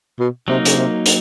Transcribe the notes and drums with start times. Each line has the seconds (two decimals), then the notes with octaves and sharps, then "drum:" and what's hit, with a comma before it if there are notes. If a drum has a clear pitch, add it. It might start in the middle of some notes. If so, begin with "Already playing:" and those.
0.19 B2
0.48 C3 F#3 A#3 D#4
0.65 C#3, drum: hi-hat
0.77 C3
1.06 drum: hi-hat